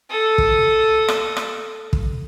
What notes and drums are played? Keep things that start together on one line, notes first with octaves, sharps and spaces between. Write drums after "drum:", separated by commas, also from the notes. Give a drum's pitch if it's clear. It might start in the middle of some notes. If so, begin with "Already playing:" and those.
A4 D#6
drum: kick
drum: rim click
drum: rim click
drum: kick